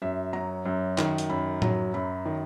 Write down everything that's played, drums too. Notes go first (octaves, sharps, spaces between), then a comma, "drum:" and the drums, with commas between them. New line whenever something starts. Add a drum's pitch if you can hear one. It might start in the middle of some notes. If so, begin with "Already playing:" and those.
F#2 E5
F#3 A#5
F#2
D#3, drum: clap
drum: hi-hat
F#2 B5
F#3, drum: tom A2
F#2 B5
D#3